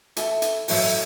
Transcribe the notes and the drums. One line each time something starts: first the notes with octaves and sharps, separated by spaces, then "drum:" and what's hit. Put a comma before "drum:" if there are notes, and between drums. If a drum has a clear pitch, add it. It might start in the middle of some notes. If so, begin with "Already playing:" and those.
A3 E4 A4 E5, drum: hi-hat
drum: hi-hat
A2 F#3 A3 E4, drum: open hi-hat